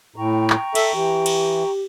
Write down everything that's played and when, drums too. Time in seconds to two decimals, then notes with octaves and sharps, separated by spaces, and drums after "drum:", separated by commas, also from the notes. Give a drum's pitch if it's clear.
0.16 A2 G5 A#5 C#6
0.50 drum: clap
0.75 A4 E5, drum: cymbal
0.93 E3 G4
1.26 drum: cymbal